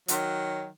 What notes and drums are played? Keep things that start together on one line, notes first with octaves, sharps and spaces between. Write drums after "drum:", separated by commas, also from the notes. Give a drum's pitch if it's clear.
D#3 F#3, drum: hi-hat